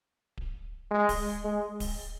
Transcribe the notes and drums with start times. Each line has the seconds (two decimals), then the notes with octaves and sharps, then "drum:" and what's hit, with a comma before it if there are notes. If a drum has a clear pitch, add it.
0.37 drum: kick D1
0.91 G#3
1.09 drum: kick D1, open hi-hat
1.45 G#3
1.80 drum: kick D1, open hi-hat